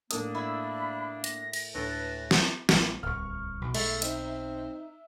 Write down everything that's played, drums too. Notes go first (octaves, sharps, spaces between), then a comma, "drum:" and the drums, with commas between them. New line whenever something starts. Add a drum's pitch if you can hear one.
A2 A#3 D4 A#4 D#6, drum: hi-hat
E4 E5 B5
A#6, drum: hi-hat
drum: cymbal
D2 A2 B4 A5 A#6
drum: snare
A1 G3, drum: snare
D1 C2 C#6 F6
B1 B2
G#3 A3 E5, drum: cymbal
C4 D#4, drum: hi-hat